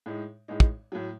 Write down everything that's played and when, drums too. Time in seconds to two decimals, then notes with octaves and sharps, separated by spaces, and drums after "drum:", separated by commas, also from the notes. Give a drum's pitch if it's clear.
0.06 A2 G#3 D#4
0.48 A2 G#3 D#4
0.60 drum: kick
0.92 A2 F#3